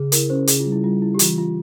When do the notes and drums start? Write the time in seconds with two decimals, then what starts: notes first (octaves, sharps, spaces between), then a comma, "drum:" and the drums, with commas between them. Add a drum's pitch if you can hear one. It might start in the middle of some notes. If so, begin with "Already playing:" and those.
Already playing: C#3 G#4
0.12 E4 A#4, drum: hi-hat
0.30 C#4 C5
0.47 C#3 G#4, drum: hi-hat
0.60 F4
0.66 G3
0.72 E4
0.84 G3 F4
1.01 G3 E4
1.15 G4
1.19 E3 F4, drum: hi-hat
1.38 F4